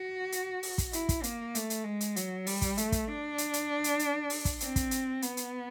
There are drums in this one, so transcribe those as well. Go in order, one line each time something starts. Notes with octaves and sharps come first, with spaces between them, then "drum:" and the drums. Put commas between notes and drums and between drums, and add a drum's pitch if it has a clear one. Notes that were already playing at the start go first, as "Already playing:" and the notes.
Already playing: F#4
drum: hi-hat
drum: open hi-hat
drum: kick, hi-hat
E4, drum: hi-hat
drum: kick, hi-hat
A#3, drum: hi-hat
A3, drum: hi-hat
drum: hi-hat
G#3
drum: hi-hat
F#3, drum: hi-hat
G3, drum: open hi-hat
drum: kick, hi-hat
A3, drum: hi-hat
drum: kick, hi-hat
D4
drum: hi-hat
drum: hi-hat
drum: hi-hat
drum: hi-hat
drum: open hi-hat
drum: kick, hi-hat
C4, drum: hi-hat
drum: kick, hi-hat
drum: hi-hat
B3, drum: hi-hat
drum: hi-hat